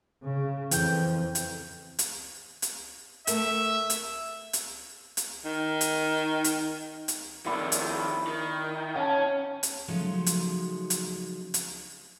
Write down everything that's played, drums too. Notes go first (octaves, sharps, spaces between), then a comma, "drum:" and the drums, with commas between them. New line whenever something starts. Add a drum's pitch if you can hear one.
C#3
F2 E3 G5 G6, drum: hi-hat
drum: hi-hat
drum: hi-hat
drum: hi-hat
A3 A#4 E5 G5, drum: hi-hat
drum: hi-hat
drum: hi-hat
drum: hi-hat
D#3
drum: hi-hat
drum: hi-hat
drum: hi-hat
F2 D#3 E4 D5
drum: hi-hat
D#3
C#4 F5 A5
drum: hi-hat
C#3 F3 F#3 G#3 A3 D#4
drum: hi-hat
drum: hi-hat
drum: hi-hat